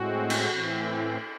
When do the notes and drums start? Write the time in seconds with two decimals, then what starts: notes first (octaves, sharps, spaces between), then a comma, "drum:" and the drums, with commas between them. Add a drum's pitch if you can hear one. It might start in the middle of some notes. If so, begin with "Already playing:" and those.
Already playing: A2 G#3 C4 F#4
0.30 drum: cymbal
0.49 A2 E3 C4